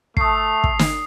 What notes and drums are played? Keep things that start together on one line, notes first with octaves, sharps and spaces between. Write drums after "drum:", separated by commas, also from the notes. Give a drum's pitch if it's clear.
A3 D#6 C7, drum: kick
drum: kick
drum: snare